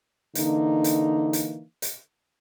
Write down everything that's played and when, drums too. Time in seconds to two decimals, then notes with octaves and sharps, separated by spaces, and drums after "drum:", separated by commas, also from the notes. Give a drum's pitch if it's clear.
0.35 D3 E3 A#3 D#4, drum: hi-hat
0.84 drum: hi-hat
1.33 drum: hi-hat
1.82 drum: hi-hat